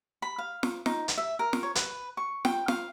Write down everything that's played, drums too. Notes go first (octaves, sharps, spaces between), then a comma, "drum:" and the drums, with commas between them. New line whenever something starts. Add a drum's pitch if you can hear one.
B5
F5
drum: snare
D#4, drum: snare
drum: hi-hat
E5
A#4
drum: snare
C#5
B4, drum: hi-hat
C#6
G5, drum: snare
F5, drum: snare